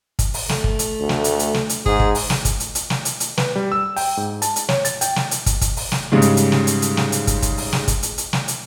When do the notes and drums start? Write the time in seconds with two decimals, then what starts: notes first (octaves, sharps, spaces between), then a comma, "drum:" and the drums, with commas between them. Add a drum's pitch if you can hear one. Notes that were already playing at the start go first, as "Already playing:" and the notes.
0.19 drum: kick, hi-hat
0.34 drum: open hi-hat
0.49 A3, drum: snare
0.64 drum: kick
0.79 drum: hi-hat
1.00 D2
1.09 drum: snare
1.24 drum: hi-hat
1.39 drum: hi-hat
1.54 drum: snare
1.69 drum: hi-hat
1.86 G#2 G#4, drum: kick
2.00 drum: kick
2.15 drum: open hi-hat
2.30 drum: snare
2.45 drum: kick, hi-hat
2.60 drum: hi-hat
2.75 drum: hi-hat
2.90 drum: snare
3.05 drum: hi-hat
3.20 drum: hi-hat
3.37 B4, drum: snare
3.56 G3
3.72 E6
3.96 G5, drum: open hi-hat
4.17 G#2
4.42 A5, drum: hi-hat
4.56 drum: hi-hat
4.69 C#5, drum: snare
4.85 A6, drum: hi-hat
5.01 G5, drum: hi-hat
5.16 drum: snare
5.31 drum: hi-hat
5.46 drum: kick, hi-hat
5.61 drum: kick, hi-hat
5.77 drum: open hi-hat
5.92 drum: snare
6.12 G#2 C#3 G3 G#3
6.22 drum: hi-hat
6.37 drum: hi-hat
6.52 drum: snare
6.67 drum: hi-hat
6.82 drum: hi-hat
6.97 drum: snare
7.12 drum: hi-hat
7.27 drum: kick, hi-hat
7.42 drum: kick, hi-hat
7.57 drum: open hi-hat
7.73 drum: snare
7.88 drum: kick, hi-hat
8.03 drum: hi-hat
8.18 drum: hi-hat
8.33 drum: snare
8.48 drum: hi-hat